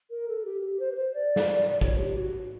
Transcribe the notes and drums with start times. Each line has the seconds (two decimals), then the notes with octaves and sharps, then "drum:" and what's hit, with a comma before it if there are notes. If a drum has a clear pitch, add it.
0.10 A#4
0.28 A4
0.45 G4
0.61 G4
0.79 C5
0.91 B4
0.96 C5
1.14 D5
1.36 drum: snare
1.81 C#5, drum: kick
1.98 G4
2.16 F#4